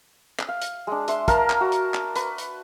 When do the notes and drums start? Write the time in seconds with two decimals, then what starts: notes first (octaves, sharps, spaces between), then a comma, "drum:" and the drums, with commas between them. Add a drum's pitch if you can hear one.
0.39 drum: clap
0.48 F5
0.62 drum: hi-hat
0.87 G#3 D4
1.08 E5 C6, drum: hi-hat
1.28 A#4 F5 A5 A#5, drum: kick, hi-hat
1.50 drum: clap
1.61 F#4
1.72 drum: hi-hat
1.94 drum: clap
2.16 B4, drum: hi-hat
2.38 drum: hi-hat